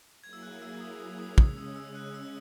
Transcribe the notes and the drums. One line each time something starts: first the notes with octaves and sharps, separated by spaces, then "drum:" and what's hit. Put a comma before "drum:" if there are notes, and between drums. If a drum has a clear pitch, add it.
F#3 A#3 E4 G#4 G#6
E6
F#6
E6
D#6
D#6
D#6
C#3 G#3 C#4 D#6, drum: kick
E6
E6
F#6
E6